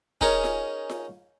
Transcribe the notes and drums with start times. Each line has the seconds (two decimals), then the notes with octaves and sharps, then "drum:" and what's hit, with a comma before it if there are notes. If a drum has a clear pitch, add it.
0.21 C#4 D#4 G#4 A#4 C#5, drum: kick
0.44 drum: snare F4
0.90 drum: snare F4